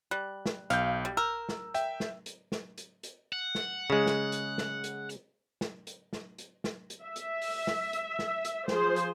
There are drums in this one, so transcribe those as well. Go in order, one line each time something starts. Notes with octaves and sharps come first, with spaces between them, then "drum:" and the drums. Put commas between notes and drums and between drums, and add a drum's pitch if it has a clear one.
G3 F#6
drum: snare
B1 F5 G6, drum: hi-hat
G3
A#4 E6
drum: snare
E5 G5, drum: hi-hat
drum: snare
drum: hi-hat
drum: snare
drum: hi-hat
drum: hi-hat
F#5
drum: snare
C#3 G#3
drum: snare
drum: hi-hat
drum: snare
drum: hi-hat
drum: hi-hat
drum: snare
drum: hi-hat
drum: snare
drum: hi-hat
drum: snare
drum: hi-hat
E5
drum: hi-hat
drum: open hi-hat
drum: snare
drum: hi-hat
drum: snare
drum: hi-hat
F3 G#4 C5, drum: snare
drum: hi-hat